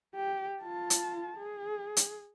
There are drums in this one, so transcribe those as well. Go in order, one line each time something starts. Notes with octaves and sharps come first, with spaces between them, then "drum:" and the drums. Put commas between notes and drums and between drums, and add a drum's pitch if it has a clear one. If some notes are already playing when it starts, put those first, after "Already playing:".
G4
F4 A5
drum: hi-hat
G#4
drum: hi-hat